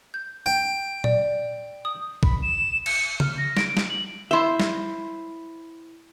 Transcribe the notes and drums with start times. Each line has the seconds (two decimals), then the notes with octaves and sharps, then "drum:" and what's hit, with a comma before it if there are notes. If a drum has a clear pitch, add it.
0.14 G6
0.46 G5
1.04 D5, drum: tom A#2
1.85 D#6
2.23 B5, drum: kick A#1
2.43 E7
2.86 C#7, drum: cymbal
3.20 F6, drum: tom C#3
3.38 A#6
3.57 D7, drum: snare
3.77 drum: snare
3.89 F#7
4.31 E4 C5 E5 C6
4.60 drum: snare